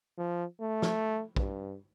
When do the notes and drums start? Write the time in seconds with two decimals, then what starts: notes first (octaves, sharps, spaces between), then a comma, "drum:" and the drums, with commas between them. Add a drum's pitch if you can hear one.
0.18 F3
0.60 A3
0.82 drum: snare
1.36 G2, drum: kick A#1